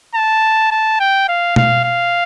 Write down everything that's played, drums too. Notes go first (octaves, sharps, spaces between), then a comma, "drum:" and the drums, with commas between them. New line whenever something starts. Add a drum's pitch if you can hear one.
A5
A5
G5
F5
F5, drum: tom B2
F5